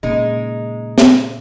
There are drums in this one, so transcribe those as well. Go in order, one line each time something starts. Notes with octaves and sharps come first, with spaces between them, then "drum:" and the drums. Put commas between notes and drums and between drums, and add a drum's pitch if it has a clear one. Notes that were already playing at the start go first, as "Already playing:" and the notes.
A#2 C#3 G#3 D#4
drum: snare